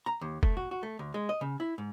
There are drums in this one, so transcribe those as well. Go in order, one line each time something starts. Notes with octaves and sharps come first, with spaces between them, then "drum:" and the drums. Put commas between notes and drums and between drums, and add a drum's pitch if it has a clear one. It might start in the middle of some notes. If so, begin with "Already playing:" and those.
A#5
D#2
A3, drum: kick
F#4
F#4
A3
D2
G#3
D#5
C#3
E4
G#2